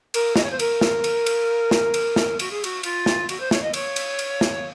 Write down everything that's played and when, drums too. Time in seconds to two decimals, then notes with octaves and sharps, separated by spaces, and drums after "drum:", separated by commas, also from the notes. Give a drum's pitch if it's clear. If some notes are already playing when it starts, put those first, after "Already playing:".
0.14 A#4, drum: cymbal
0.36 D#5, drum: snare
0.43 C#5
0.50 C5
0.59 A#4, drum: cymbal
0.81 drum: snare
1.04 drum: cymbal
1.26 drum: cymbal
1.71 drum: snare
1.94 drum: cymbal
2.16 drum: snare
2.39 F#4, drum: cymbal
2.51 G#4
2.64 F#4, drum: cymbal
2.83 F4, drum: cymbal
3.06 drum: snare
3.29 F#4, drum: cymbal
3.40 C5
3.51 C#5, drum: snare
3.62 D#5
3.74 C#5, drum: cymbal
3.96 drum: cymbal
4.19 drum: cymbal
4.41 drum: snare